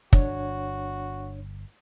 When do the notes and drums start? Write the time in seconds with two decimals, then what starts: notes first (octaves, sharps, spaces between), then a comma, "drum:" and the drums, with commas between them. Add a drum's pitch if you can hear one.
0.13 G1 D4 F#4 C#5, drum: kick